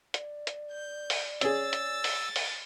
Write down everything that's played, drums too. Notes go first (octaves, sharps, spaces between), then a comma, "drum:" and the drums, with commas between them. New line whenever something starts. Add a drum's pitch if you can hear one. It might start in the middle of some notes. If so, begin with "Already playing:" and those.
D5, drum: hi-hat
drum: hi-hat
G6
drum: open hi-hat
C#4 G#4 E6 A6, drum: hi-hat
drum: hi-hat
drum: open hi-hat
drum: open hi-hat